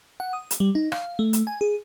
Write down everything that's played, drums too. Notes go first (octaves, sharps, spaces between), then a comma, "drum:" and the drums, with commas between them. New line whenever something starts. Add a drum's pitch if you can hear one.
F#5
D#6
drum: hi-hat
G3
D#4
F5, drum: rim click
A3
drum: hi-hat
G#5
G#4